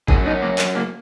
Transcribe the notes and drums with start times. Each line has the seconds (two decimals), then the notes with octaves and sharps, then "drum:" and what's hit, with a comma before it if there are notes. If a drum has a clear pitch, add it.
0.08 F#2 F#3 G#4, drum: kick G1
0.26 D#4
0.42 A#3
0.58 C#4, drum: clap
0.75 A#3